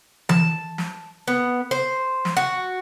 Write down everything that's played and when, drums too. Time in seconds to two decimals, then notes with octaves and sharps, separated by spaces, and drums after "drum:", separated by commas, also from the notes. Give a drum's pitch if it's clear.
0.29 A5, drum: tom E3
0.78 drum: snare
1.28 B3
1.71 C5
2.25 drum: snare
2.37 F#4